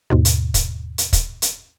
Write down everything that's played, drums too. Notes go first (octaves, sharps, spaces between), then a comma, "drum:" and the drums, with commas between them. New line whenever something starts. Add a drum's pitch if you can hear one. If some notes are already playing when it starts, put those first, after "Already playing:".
D#2 G#2 B2
drum: hi-hat
drum: kick, hi-hat
drum: hi-hat
drum: kick, hi-hat
drum: hi-hat